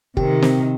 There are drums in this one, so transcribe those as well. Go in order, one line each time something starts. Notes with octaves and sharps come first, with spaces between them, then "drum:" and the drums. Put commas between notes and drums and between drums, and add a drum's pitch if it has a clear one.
C3 D#3 G4, drum: kick
C4, drum: snare